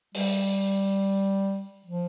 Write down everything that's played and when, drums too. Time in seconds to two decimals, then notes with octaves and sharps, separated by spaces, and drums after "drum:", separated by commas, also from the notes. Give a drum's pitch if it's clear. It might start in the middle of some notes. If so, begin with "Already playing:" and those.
0.15 G3, drum: open hi-hat
1.86 F3